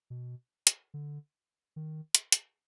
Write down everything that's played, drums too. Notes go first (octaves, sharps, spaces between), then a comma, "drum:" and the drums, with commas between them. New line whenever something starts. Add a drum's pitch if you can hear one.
B2
drum: hi-hat
D3
D#3
drum: hi-hat
drum: hi-hat